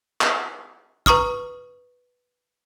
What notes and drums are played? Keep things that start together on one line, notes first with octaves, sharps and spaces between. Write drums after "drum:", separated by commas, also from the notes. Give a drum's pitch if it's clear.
drum: clap
B4 A#5 C#6 D#6 F6, drum: kick